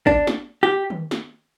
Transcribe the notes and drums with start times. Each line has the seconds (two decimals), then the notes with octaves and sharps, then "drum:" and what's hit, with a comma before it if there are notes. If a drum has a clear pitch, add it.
0.07 D4, drum: kick
0.27 drum: snare
0.63 G4
0.90 drum: tom D#3
1.11 drum: snare